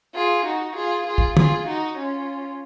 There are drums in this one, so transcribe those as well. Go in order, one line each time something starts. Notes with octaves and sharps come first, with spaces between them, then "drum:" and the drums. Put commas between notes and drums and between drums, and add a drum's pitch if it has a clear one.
F4 G#4
D#4 F#4
F4 G#4
F4 G#4
drum: kick
F4 G#4, drum: tom
D#4 F#4
C#4 F4